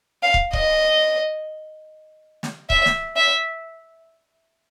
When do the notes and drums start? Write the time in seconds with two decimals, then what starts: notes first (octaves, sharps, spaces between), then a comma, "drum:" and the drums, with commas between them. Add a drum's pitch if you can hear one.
0.23 F5
0.34 drum: kick
0.53 D#5, drum: kick
2.43 drum: snare
2.70 E5, drum: kick
2.86 drum: snare
3.16 E5